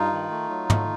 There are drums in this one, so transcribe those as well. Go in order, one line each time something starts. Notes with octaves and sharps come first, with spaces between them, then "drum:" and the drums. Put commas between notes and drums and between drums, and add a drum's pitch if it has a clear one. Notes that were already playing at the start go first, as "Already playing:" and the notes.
Already playing: G2 D#4 F4
D#3
A3
F#3
A3, drum: tom